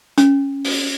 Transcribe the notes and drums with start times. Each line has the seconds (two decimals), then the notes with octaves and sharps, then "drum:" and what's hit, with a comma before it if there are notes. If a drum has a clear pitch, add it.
0.18 C#4, drum: hi-hat
0.65 drum: open hi-hat